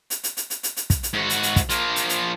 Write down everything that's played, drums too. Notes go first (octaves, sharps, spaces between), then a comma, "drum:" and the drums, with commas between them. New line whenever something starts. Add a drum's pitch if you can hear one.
drum: hi-hat
drum: hi-hat
drum: hi-hat
drum: hi-hat
drum: hi-hat
drum: hi-hat
drum: kick, hi-hat
drum: hi-hat
G#2 F#4
drum: hi-hat
drum: hi-hat
drum: kick, hi-hat
F3 A#3, drum: hi-hat
drum: hi-hat
drum: hi-hat